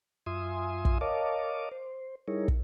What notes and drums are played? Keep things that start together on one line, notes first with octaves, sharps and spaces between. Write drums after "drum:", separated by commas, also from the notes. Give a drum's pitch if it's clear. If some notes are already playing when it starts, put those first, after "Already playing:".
F#2 F4 E5 G#5 C6 D#6
drum: kick
A#4 C#5 D#5 F5 A5 D6
C5
G3 D#4 E4 G#4 A#4 C#5
drum: kick